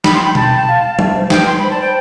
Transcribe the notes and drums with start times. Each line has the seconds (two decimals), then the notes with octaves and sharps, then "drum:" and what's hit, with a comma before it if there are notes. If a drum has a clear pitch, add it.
0.04 G5 B5, drum: snare
0.14 C6
0.25 B5
0.35 G5 A5, drum: tom B2
0.67 F5
0.99 E5, drum: tom
1.15 C5
1.30 B4 G5, drum: snare
1.46 C6
1.59 C5 B5
1.71 D5 A5
1.79 C5 G5